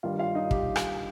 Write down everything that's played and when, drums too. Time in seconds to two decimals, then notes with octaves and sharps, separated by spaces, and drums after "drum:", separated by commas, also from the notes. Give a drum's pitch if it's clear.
0.03 G2 D#3 G3 F4 F5
0.19 F4 F5
0.35 D#4 D#5
0.51 G4, drum: kick
0.76 drum: rim click